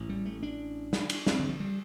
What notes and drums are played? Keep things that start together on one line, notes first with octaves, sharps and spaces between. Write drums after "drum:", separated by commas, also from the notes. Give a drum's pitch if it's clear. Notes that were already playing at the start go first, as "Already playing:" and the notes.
Already playing: A1 A2
G3
A3
D4
drum: snare
drum: cymbal
C4, drum: snare
D3
F3
G3